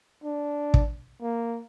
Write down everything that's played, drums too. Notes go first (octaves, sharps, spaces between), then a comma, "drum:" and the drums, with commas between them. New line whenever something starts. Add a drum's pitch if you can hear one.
D4
drum: kick
A#3